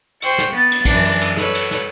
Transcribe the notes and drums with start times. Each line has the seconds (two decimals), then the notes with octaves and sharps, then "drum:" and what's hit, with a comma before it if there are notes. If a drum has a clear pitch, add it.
0.22 C5 G5 C#6, drum: cymbal
0.38 drum: snare
0.53 B3 A6
0.72 drum: cymbal
0.85 F#2 E3 D4, drum: kick A#1, cymbal
1.05 drum: cymbal
1.21 drum: cymbal
1.37 A4 B4 C#5, drum: snare
1.54 drum: cymbal
1.71 drum: snare